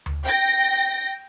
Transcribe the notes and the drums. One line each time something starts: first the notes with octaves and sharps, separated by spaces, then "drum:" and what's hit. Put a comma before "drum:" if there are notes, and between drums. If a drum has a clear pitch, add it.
drum: tom D2
G5 A#6
drum: hi-hat